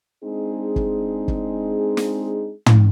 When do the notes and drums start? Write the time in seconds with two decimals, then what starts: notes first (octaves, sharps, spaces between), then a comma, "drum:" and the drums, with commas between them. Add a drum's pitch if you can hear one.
0.24 G#3 C4 D4 D#4 G#4
0.76 drum: kick
1.28 drum: kick
1.97 drum: snare
2.66 drum: tom